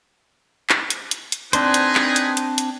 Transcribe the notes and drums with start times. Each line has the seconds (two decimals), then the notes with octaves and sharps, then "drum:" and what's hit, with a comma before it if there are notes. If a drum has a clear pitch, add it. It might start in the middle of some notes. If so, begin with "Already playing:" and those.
0.69 drum: clap
0.90 drum: hi-hat
1.11 drum: hi-hat
1.32 drum: hi-hat
1.53 C4 D4 D#4 G#4 B4 C5, drum: hi-hat
1.74 drum: hi-hat
1.95 drum: clap
2.16 drum: hi-hat
2.37 drum: hi-hat
2.58 drum: hi-hat